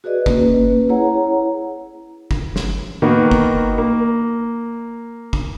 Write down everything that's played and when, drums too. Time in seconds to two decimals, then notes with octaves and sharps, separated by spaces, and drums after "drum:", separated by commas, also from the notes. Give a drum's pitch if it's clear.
0.04 F#4 G#4 B4 D5 D#5
0.26 A#3 C#4 B4, drum: kick G1
0.89 E4 G#4 C#5 F#5 A#5
2.31 drum: kick G1
2.56 drum: snare
3.02 D#3 A#3 B3 F#4
3.31 drum: kick G1
3.78 A#3
5.33 drum: kick G1